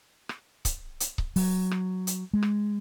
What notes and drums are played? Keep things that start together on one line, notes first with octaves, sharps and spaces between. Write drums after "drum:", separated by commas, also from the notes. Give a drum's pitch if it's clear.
drum: rim click
drum: kick C#1, hi-hat
drum: hi-hat
drum: kick C#1
F#3, drum: open hi-hat
drum: rim click
drum: hi-hat
G#3
drum: rim click